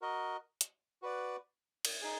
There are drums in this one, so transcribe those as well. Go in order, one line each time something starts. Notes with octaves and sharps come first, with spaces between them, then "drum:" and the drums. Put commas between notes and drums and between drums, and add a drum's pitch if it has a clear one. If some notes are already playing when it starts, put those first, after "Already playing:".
F#4 A#4 D#5
drum: hi-hat
F#4 B4 D5
drum: cymbal
D#4 G#4